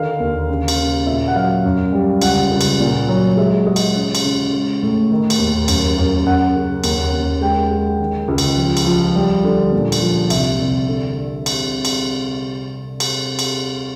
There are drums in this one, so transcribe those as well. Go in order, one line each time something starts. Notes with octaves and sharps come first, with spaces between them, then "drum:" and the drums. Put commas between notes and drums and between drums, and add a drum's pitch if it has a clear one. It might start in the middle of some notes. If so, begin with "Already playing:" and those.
Already playing: D3 D#3 F5
D#2
C#3
drum: cymbal
C#3
A#2 E5
F#5
F#3 F5
F#2
G3
C#2 F#5, drum: cymbal
C#2
drum: cymbal
A#2
F#3
G#3 E5
G#3 D#5
drum: cymbal
C#3
drum: cymbal
C#3
G#3
A2
D#3
drum: cymbal
D#2
F#2, drum: cymbal
F#2
F#2 F#5
C#3
D#2, drum: cymbal
D#2
G#3 G5
G#3
D#3
C#2
drum: cymbal
F3
drum: cymbal
F3
G3
D3
A#2
drum: cymbal
F3
C2 E5, drum: cymbal
C2
D3
drum: cymbal
drum: cymbal
drum: cymbal
drum: cymbal